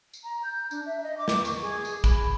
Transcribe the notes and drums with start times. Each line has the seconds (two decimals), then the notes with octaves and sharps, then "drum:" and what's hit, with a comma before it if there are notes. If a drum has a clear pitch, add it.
0.14 drum: tambourine
0.24 A#5
0.43 G6
0.71 D4, drum: tambourine
0.85 E5
1.03 D#5
1.18 D6
1.28 drum: snare
1.45 C#6, drum: tambourine
1.62 G#4
1.85 drum: tambourine
2.04 B5, drum: kick, tambourine